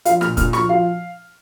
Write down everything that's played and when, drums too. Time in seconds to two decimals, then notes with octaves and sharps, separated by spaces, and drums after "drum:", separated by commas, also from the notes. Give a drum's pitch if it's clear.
0.05 F3 F5, drum: hi-hat
0.21 A#2 F6, drum: rim click
0.37 A#2 F6, drum: kick, hi-hat
0.53 F3 C#6, drum: rim click
0.69 F3 F5